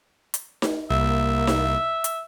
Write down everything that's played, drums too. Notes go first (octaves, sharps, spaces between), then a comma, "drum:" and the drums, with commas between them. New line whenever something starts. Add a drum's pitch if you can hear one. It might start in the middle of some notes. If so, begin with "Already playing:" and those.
drum: hi-hat
drum: snare D#4
C2 A#3 E5
drum: snare D#4
drum: hi-hat